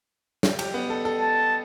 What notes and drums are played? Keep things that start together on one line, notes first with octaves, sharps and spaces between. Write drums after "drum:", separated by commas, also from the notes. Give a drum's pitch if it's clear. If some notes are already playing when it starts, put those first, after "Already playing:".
drum: snare
G4, drum: cymbal
B3
A4
A4
A5